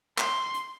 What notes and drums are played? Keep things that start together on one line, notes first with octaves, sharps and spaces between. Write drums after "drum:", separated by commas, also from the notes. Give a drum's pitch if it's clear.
C6, drum: clap
drum: hi-hat